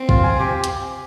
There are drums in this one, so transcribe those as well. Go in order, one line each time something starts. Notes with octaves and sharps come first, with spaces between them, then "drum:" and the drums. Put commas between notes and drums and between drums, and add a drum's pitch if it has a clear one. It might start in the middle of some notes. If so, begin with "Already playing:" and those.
Already playing: C4
F4, drum: kick
G#5
G4
drum: hi-hat